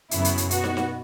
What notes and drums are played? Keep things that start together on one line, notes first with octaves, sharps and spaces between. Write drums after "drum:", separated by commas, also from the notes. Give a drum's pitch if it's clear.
F#2 C#3 F#3 B3 E4, drum: hi-hat
drum: hi-hat
drum: hi-hat
B2 B3 F#4, drum: hi-hat
drum: snare
drum: snare